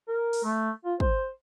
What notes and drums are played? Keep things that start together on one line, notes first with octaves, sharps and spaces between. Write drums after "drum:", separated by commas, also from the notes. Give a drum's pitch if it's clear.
A#4
drum: open hi-hat
A3
F4
C5, drum: kick